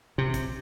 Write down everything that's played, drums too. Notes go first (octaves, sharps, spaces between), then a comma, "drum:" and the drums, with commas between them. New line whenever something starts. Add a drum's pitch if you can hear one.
C3
drum: kick, hi-hat